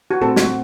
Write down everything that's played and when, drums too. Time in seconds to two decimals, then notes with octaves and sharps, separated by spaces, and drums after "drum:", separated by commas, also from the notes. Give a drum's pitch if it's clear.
0.11 F#4
0.21 A#2 A3 C4 F#4 A4 C5
0.36 F#4, drum: snare